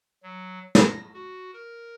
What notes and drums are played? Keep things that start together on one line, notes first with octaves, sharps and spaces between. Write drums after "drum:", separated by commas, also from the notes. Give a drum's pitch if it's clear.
F#3
A#6, drum: snare
F#4
A#4